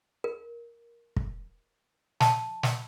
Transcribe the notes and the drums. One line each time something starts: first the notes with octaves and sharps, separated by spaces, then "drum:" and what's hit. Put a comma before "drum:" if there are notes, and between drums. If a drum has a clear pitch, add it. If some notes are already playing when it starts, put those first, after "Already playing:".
A#4
drum: kick
A5, drum: snare
drum: snare